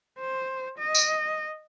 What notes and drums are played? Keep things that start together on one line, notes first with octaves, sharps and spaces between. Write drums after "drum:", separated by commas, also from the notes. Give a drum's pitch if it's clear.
C5
D#5
drum: tambourine